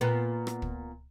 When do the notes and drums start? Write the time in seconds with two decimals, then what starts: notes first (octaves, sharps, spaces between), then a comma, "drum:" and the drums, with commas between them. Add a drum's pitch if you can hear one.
0.01 A#2 B3
0.47 drum: rim click
0.62 drum: kick